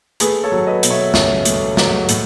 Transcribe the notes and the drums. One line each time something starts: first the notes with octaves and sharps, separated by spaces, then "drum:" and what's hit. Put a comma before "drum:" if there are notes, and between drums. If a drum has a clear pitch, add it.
A3 G#4 B4, drum: hi-hat
A4 C#5
F#3
B4 D#5
B2, drum: hi-hat
C#5 E5
C#2 C#5 E5, drum: snare
A3, drum: hi-hat
F#3, drum: snare
A2, drum: hi-hat